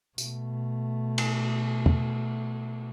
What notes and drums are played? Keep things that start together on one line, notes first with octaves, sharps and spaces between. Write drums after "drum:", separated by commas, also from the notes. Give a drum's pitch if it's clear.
B2 A3, drum: tambourine
drum: cymbal
drum: tom